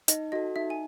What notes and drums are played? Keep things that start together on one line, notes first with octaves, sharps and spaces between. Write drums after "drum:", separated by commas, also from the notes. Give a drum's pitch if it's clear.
D#4 D#5, drum: hi-hat
F#4 A4 D#5
D#4 E5
G#5